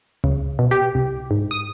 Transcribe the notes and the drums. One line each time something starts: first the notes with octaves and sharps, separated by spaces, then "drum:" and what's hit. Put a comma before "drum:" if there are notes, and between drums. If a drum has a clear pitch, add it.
C#3, drum: tom C#2
B2
G4
C2
G#2
D#6